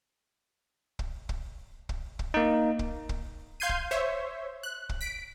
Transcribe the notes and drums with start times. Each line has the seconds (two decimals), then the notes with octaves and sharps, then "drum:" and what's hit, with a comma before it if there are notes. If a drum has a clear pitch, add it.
0.99 drum: kick
1.29 drum: kick
1.89 drum: kick
2.19 drum: kick
2.34 A#3 D#4
2.79 drum: kick
3.09 drum: kick
3.60 F5 C6 G6 G#6 C7 D#7
3.69 drum: kick
3.91 C5 C#5 E5
4.63 F#6
4.89 drum: kick
5.01 B6 D7